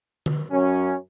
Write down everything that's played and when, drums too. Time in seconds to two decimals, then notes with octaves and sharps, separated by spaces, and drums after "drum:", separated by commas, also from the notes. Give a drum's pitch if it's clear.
0.26 drum: tom D3
0.51 F#2 C#4